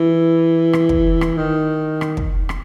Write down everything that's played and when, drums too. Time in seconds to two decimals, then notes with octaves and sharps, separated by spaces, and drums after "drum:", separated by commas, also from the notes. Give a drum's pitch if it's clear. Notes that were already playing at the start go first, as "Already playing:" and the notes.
Already playing: E3
0.73 drum: rim click
0.89 drum: kick
1.21 drum: rim click
1.37 D#3
2.01 drum: rim click
2.17 drum: kick
2.49 drum: rim click